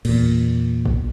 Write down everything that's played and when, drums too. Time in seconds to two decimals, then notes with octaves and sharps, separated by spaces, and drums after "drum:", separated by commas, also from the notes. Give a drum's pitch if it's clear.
0.05 E2 A#2, drum: cymbal
0.85 drum: kick